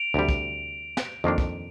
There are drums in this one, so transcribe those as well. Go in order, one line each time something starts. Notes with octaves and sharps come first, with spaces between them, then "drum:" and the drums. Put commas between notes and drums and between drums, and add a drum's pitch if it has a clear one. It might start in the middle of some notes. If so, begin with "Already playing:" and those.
Already playing: D7 F7
D2 C3 G3
drum: kick
drum: snare
F2 D#3 A#3 D4
drum: kick